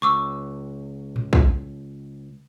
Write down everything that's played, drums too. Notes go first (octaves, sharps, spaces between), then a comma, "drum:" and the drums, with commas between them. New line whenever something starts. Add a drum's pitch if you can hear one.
C#2 C#6 D6 E6
drum: tom A2
drum: kick B1